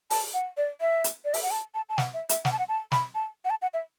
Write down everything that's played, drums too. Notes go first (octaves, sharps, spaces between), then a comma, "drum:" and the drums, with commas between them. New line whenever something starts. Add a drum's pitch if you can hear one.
A5, drum: open hi-hat
F#5
D5
E5
drum: hi-hat
D5
E5, drum: open hi-hat
F#5
A5
A5
A5
F#5, drum: snare
E5
E5, drum: hi-hat
F#5, drum: snare
A5
F#5
A5
B5, drum: snare
A5
F#5
A5
F#5
E5